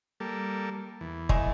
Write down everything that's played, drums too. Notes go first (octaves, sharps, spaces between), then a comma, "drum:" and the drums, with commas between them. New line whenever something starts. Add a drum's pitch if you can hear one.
G3 A#3 A4
E2
G#3 A3, drum: kick F1